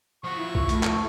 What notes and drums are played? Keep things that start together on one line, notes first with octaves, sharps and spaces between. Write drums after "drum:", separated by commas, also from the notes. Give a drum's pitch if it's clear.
F3 F#4 C#6
E4
drum: kick B1
A3, drum: hi-hat
drum: clap